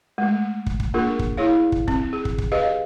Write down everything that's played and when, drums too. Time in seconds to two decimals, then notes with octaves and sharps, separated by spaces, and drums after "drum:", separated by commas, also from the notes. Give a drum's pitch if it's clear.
0.18 G#3 A3
0.66 drum: kick
0.80 drum: kick
0.94 A#3 D4 F4 G#4 A#4
1.19 drum: kick
1.37 E4 G#4 C#5 F5
1.72 drum: kick
1.88 C4, drum: kick
2.13 G#4
2.25 drum: kick
2.38 drum: kick
2.52 G4 G#4 B4 D#5 F5